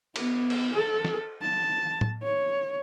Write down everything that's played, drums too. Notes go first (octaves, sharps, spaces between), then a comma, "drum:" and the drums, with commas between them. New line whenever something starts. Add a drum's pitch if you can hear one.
B3, drum: cymbal
drum: cymbal
A4
drum: snare
A5
drum: tom A2
C#5